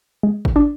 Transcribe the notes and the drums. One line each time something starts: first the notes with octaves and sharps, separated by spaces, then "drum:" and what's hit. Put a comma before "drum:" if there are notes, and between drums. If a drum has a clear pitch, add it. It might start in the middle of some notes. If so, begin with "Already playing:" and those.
G#3
drum: kick G#1
D4